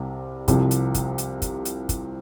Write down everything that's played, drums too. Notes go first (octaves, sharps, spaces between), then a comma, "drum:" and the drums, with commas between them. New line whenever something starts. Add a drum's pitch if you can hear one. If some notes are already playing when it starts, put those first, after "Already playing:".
Already playing: C2 C3 G3
C2 C3 F3, drum: kick, hi-hat
drum: hi-hat
drum: kick, hi-hat
drum: hi-hat
drum: kick, hi-hat
drum: hi-hat
drum: kick, hi-hat